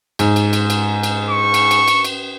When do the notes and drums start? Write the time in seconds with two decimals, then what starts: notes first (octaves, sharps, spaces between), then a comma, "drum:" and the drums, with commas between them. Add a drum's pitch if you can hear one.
0.19 G#2, drum: cymbal
0.36 drum: cymbal
0.53 drum: cymbal
0.70 drum: cymbal
1.03 drum: cymbal
1.30 C#6
1.54 drum: cymbal
1.71 drum: cymbal
1.88 drum: cymbal
2.04 drum: cymbal